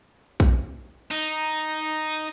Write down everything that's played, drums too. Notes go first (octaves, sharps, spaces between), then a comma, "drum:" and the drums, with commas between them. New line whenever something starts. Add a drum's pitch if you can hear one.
drum: kick
D#4, drum: open hi-hat